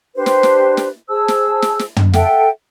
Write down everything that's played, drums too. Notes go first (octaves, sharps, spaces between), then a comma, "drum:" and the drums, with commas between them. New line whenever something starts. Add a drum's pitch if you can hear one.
D4 G4 B4 C5
drum: snare
drum: snare
drum: snare
G#4 C5 A5 E6
drum: snare
drum: snare
drum: snare
drum: tom
A4 E5 F#5 G5, drum: snare